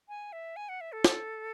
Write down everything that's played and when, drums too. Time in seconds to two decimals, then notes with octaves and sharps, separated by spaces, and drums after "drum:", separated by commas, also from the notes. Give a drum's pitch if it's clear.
0.09 G#5
0.33 E5
0.56 G#5
0.69 F#5
0.81 E5
0.92 A4
1.05 drum: snare